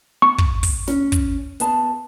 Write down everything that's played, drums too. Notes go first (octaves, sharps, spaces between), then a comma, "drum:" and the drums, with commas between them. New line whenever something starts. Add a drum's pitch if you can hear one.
C#6
drum: kick
drum: kick, open hi-hat
C#4, drum: snare
drum: kick, hi-hat
B3 G#4 A5, drum: hi-hat